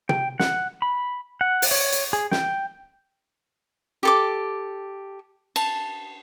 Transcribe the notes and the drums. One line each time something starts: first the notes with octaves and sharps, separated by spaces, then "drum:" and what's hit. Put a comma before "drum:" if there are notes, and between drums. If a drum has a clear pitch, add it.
G5, drum: tom
F#5, drum: snare
B5
F#5
drum: open hi-hat
C#5
drum: hi-hat
G#4
G5, drum: snare
G4 A4 D6
A5, drum: cymbal